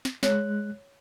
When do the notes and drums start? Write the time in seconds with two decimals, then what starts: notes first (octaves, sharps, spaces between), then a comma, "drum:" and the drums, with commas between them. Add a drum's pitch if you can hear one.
0.05 drum: snare
0.23 G#3 C#5 F#6, drum: snare